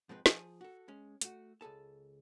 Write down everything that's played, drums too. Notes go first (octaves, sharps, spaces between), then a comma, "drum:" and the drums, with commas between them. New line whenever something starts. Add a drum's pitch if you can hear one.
G#2 F3 G#3 C4 B4
F3 G#4, drum: snare
F#4 A4
G#3 C#4
A3 F#4, drum: hi-hat
C#2 G#4 A4 A5